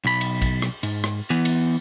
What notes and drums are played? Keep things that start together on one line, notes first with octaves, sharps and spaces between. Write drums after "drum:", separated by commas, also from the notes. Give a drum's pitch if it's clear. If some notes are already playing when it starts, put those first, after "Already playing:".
B1 B5
drum: cymbal
drum: kick A#1, cymbal
drum: rim click
G#2, drum: cymbal
drum: rim click
E3 B3
drum: cymbal